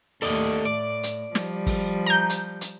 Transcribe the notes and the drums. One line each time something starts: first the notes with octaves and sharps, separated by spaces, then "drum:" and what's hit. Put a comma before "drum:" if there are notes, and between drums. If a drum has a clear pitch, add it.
D#2 A3 A4 D5 D#5
A2 D5
drum: hi-hat
F3 G3, drum: snare
drum: kick, open hi-hat
A#5 G6
drum: hi-hat
drum: hi-hat